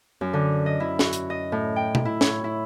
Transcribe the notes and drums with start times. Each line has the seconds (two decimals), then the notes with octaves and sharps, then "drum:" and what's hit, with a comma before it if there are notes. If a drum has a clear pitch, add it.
0.21 F#2
0.33 D3
0.66 D#5
0.80 E4
0.99 F#4, drum: snare
1.13 drum: hi-hat
1.30 D#5
1.52 A2
1.76 G5
1.95 drum: tom B2
2.05 E4
2.21 C#5, drum: snare
2.44 E4